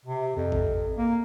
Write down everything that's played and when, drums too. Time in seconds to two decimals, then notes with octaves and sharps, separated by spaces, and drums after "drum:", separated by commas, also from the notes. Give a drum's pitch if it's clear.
0.06 C3
0.37 F2
0.52 drum: kick A1
0.97 A#3